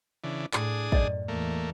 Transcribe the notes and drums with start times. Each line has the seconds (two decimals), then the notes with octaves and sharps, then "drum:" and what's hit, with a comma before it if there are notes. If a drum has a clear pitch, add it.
0.24 C#3 E3 D4
0.53 A2 D4 G#4 D#6, drum: clap
0.92 F#2 A2 D5 D#5, drum: kick
1.28 E2 A3 A#3